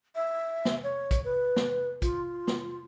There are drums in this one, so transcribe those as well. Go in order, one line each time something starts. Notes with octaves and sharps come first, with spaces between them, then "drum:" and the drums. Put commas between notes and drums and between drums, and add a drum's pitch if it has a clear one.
E5
drum: snare
C#5
drum: kick, hi-hat
B4
drum: snare
F4, drum: kick, hi-hat
drum: snare